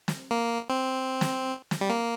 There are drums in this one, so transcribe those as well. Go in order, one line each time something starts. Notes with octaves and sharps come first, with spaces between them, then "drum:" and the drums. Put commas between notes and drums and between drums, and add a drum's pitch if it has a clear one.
drum: snare
A#3
C4
drum: snare
drum: snare
G3
A#3